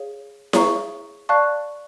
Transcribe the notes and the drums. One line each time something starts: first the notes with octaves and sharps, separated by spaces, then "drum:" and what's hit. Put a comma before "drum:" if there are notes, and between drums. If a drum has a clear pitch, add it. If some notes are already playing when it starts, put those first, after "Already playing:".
Already playing: G#4 C#5 F5
G#4 C#5 F5 A#5 C#6, drum: snare E4
D5 F5 A5 C#6 F#6